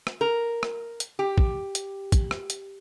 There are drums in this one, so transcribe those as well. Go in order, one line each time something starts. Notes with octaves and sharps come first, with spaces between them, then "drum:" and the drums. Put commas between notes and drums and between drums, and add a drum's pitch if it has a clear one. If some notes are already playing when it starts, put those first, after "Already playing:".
drum: rim click
A#4
drum: rim click
drum: hi-hat
G4
drum: kick
drum: hi-hat
drum: kick, hi-hat
drum: rim click
drum: hi-hat